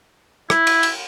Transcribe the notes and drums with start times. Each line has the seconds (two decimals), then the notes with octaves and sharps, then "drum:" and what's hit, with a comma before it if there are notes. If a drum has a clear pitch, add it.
0.50 E4, drum: rim click
0.67 drum: cymbal
0.83 drum: cymbal